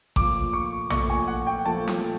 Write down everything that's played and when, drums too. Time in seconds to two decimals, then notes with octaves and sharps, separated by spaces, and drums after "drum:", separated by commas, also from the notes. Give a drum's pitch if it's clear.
0.16 A#2 F3 A3 D6, drum: kick A1
0.53 C#6
0.90 A#2 F3 A3 C#6, drum: tom A#1
1.10 G#5
1.28 F#5
1.47 G5
1.65 A#2 F3 A3 A5
1.88 drum: snare